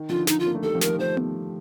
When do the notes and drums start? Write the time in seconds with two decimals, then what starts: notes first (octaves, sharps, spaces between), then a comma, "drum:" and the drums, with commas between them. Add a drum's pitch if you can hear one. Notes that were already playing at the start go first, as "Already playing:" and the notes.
Already playing: D#3
0.09 D3 F3 F4
0.27 D#4, drum: snare
0.40 F4
0.46 A#3
0.55 A3
0.63 D#3 G3 A4
0.75 F3 A3
0.81 A#4, drum: snare
0.87 F3 A3
0.99 F3 A3 C5
1.17 drum: tom B3